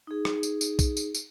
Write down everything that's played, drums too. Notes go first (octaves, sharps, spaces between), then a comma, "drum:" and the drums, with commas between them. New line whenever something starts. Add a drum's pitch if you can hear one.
D#4 G#4
drum: rim click
drum: tambourine
drum: tambourine
drum: kick B1, tambourine
drum: tambourine
drum: tambourine